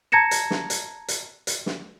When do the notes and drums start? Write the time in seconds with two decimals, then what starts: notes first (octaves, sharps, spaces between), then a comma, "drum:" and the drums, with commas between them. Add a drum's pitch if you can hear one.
0.12 A5 A#5 G#6 A#6 C#7 E7
0.31 drum: hi-hat
0.51 drum: snare
0.70 drum: hi-hat
1.08 drum: hi-hat
1.47 drum: hi-hat
1.66 drum: snare